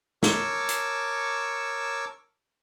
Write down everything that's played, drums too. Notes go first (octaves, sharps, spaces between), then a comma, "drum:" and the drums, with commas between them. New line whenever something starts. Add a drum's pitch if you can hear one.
A#4 C#5 A5 C#6 D6 E6, drum: snare
drum: hi-hat